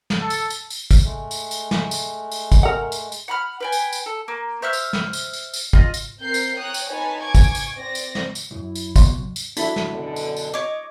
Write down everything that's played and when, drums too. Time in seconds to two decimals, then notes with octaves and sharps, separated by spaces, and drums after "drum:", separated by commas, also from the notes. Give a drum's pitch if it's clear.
0.10 drum: snare
0.21 A4
0.30 drum: tambourine
0.50 drum: tambourine
0.70 drum: tambourine
0.91 drum: kick, tambourine
1.05 G#3 A3
1.31 drum: tambourine
1.51 drum: tambourine
1.71 drum: snare
1.91 drum: tambourine
2.31 drum: tambourine
2.52 drum: kick, tambourine
2.63 A#4 F#5
2.92 drum: tambourine
3.12 drum: tambourine
3.28 F#5 B5 F6
3.60 B4 G5 G#5
3.72 drum: tambourine
3.92 drum: tambourine
4.06 A4
4.28 A#3
4.62 C5 E5 E6 F6
4.73 drum: tambourine
4.93 drum: snare
5.13 drum: tambourine
5.33 drum: tambourine
5.53 drum: tambourine
5.73 F4 D#5, drum: kick
5.94 drum: tambourine
6.21 C4 A#4 G6 C7
6.34 drum: tambourine
6.57 C#5 G5 A#5 D#6 F#6
6.74 drum: tambourine
6.90 D#4 B4 C#5 G#5 A5 B5
7.22 G#5 C#6 D6 G#6
7.35 drum: kick, tambourine
7.55 drum: tambourine
7.77 C4 D5 A#6
7.95 drum: tambourine
8.15 drum: snare
8.35 drum: tambourine
8.51 B1 F#2 E4
8.75 drum: tambourine
8.96 B2 C6, drum: kick, tambourine
9.10 F#3
9.36 drum: tambourine
9.57 D4 E4 F#4 A4 B5, drum: tambourine
9.76 drum: snare
9.92 F#2 B2 D3
10.16 drum: tambourine
10.37 drum: tambourine
10.54 C#5 D#5 D6